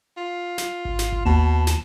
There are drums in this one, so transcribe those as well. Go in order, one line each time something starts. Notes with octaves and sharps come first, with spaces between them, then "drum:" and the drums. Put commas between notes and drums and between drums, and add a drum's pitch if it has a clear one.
F4
drum: snare
drum: kick G#1
drum: snare
drum: kick G#1
D#2 B2 A5
drum: snare